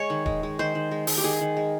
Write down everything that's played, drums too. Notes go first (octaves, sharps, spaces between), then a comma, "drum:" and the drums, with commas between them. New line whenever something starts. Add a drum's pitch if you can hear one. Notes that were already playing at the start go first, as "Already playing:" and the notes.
Already playing: G#3 C#5
D#3
G#3, drum: kick D#1
G#3
D#3 C5
D#3
G#3
G#3, drum: open hi-hat
G4
D#3 G#4
D#3
G#3